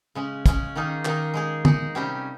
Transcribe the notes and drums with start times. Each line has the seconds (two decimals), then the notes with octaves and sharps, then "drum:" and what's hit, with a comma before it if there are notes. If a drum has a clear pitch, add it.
0.15 C#3 G#3 C#4
0.46 C#3 G#3 C#4, drum: kick, hi-hat
0.76 D#3 A#3 D#4 G#4
1.05 D#3 A#3 D#4 G#4, drum: clap
1.34 G#3 D#4 G#4
1.65 G#3 D#4 G#4, drum: tom
1.95 C3 G3 C#4 G4